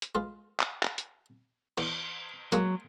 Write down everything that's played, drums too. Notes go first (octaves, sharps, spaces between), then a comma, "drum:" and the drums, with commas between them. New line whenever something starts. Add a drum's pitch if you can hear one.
drum: hi-hat
G#3 F4 B4
drum: clap
drum: clap
drum: hi-hat
E2, drum: cymbal
F#3 G#3 A#3, drum: hi-hat